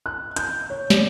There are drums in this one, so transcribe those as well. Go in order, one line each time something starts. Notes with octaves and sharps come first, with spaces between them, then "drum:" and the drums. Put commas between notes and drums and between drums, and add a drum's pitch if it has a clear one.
F#6
G6, drum: hi-hat
C#5
D5, drum: snare